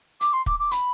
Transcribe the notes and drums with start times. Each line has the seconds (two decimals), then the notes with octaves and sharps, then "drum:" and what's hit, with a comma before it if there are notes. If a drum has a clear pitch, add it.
0.21 D6, drum: hi-hat
0.33 C6
0.46 D6, drum: kick
0.59 D6
0.71 B5, drum: hi-hat